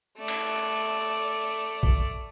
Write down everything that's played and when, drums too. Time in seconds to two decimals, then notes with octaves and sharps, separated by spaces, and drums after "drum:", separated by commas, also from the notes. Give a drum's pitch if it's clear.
0.17 A3 D5
0.28 drum: cymbal
1.83 drum: kick A1